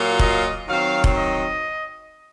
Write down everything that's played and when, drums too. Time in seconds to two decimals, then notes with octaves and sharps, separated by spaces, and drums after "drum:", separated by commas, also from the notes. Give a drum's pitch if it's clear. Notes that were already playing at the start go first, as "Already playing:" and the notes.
Already playing: A#2 F#3 A#3 F4
0.19 D#5, drum: kick E1
0.68 D#3 F#3 C4 F5
1.04 drum: kick E1
1.16 D#5